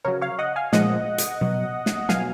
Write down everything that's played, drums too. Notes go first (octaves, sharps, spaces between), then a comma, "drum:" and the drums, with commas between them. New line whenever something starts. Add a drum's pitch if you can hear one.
C#3 F#3 A#4 C#5
C#5 F5
D#5 F#5
F5 G#5
A#2 F3 G#3 D#5 F#5, drum: snare
drum: hi-hat
B2 F#3
drum: snare
B2 F#3 F5 G#5, drum: snare